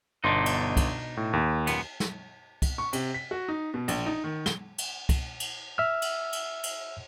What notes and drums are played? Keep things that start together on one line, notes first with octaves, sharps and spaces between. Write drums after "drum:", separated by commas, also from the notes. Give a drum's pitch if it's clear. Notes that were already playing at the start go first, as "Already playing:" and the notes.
G1 B2 D4 D#4 C6
drum: cymbal
drum: kick, cymbal
A2
D#2
F#2 A#2 B3, drum: cymbal
drum: snare
drum: kick, cymbal
C#6
C3, drum: cymbal
B6
F#4
D#4
B2
A#1, drum: cymbal
D#4
D#3
G7, drum: snare
drum: cymbal
drum: kick, cymbal
drum: cymbal
E5 E6 F6
drum: cymbal
drum: cymbal
drum: cymbal